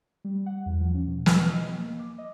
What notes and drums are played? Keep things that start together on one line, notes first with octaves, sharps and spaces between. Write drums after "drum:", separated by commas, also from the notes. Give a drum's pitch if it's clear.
G3
F#5
E2
F3
C#4
B2
drum: snare
F6
D#5
A#3
D6
D#5